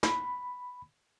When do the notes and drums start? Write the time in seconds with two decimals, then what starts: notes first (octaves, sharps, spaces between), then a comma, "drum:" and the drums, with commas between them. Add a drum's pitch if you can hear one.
0.03 B5, drum: snare